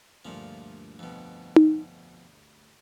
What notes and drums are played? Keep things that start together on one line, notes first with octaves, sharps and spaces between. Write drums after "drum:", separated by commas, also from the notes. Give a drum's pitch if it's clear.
D2 G2 A#2 D3 F3
F2 B2
drum: tom D#4